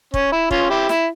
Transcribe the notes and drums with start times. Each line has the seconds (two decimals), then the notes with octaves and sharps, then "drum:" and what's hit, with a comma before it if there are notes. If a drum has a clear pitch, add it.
0.14 C#4, drum: kick
0.32 E4
0.51 C#4 F4, drum: kick
0.70 E4 G4
0.89 E4, drum: snare